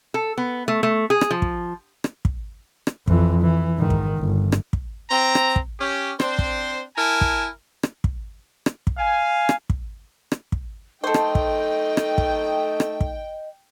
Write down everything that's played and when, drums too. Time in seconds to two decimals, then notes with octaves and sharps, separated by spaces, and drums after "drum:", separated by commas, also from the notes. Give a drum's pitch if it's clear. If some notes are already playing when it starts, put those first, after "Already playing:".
0.14 A4
0.38 B3
0.68 A3
0.83 A3
1.10 G#4
1.21 drum: rim click
1.31 F3
1.42 drum: kick
2.04 drum: rim click
2.25 drum: kick
2.87 drum: rim click
3.08 F2 E3, drum: kick
3.42 E3
3.77 G#2 D#3
3.90 drum: kick
4.18 G1
4.52 drum: rim click
4.73 drum: kick
5.10 C4 A#5
5.35 drum: rim click
5.56 drum: kick
5.80 C#4 G4
6.20 C4 D4 C5, drum: rim click
6.39 drum: kick
6.97 E4 A#4 G#5 A5
7.21 drum: kick
7.83 drum: rim click
8.04 drum: kick
8.66 drum: rim click
8.87 drum: kick
8.97 F5 G#5
9.49 drum: rim click
9.70 drum: kick
10.32 drum: rim click
10.52 drum: kick
11.04 A3 D#4 A4 C5 D#5 G5
11.14 drum: rim click
11.35 drum: kick
11.97 drum: rim click
12.18 drum: kick
12.80 drum: rim click
13.01 drum: kick